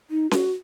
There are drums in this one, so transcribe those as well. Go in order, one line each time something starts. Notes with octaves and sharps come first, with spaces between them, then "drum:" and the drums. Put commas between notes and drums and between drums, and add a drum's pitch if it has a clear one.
D#4
F#4, drum: snare C#4